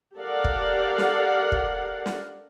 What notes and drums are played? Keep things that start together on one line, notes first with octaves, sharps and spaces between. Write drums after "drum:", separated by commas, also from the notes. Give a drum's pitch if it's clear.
G4 A4 A#4 D5 F5 F#5
drum: kick
drum: snare
drum: kick
drum: snare